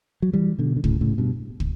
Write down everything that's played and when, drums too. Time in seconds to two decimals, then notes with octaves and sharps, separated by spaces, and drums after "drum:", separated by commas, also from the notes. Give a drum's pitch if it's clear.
0.22 F#3
0.33 E3 G3
0.59 B2 D3
0.76 D3
0.84 A2 C#3, drum: kick
1.01 A2 C#3
1.18 G2 B2
1.60 drum: kick